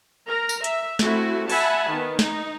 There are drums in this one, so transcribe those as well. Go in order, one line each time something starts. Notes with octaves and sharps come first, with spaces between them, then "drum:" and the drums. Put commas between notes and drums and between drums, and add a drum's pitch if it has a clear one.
A#4 A#5
drum: tambourine
E5, drum: hi-hat
A3 C4 E4 F#4, drum: snare
E5 F#5 G#5 A5 B5, drum: open hi-hat
D#3 B3
D#4, drum: snare